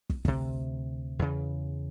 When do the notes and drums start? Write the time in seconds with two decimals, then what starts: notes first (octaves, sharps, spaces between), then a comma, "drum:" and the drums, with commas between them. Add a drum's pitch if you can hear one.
0.10 drum: kick
0.25 D2 C3, drum: kick
1.19 E2 C#3